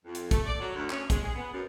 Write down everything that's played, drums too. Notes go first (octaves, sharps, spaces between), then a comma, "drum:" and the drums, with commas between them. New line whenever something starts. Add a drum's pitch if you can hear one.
F2
drum: hi-hat
A3, drum: kick, hi-hat
D5
F#3
D2
C#4, drum: clap
G#3, drum: kick, hi-hat
G#4
B3
F#2